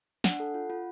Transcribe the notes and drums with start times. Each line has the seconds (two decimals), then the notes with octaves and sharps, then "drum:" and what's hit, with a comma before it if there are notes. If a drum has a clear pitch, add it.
0.24 D4 F#5, drum: snare
0.40 A4
0.54 F4
0.70 F4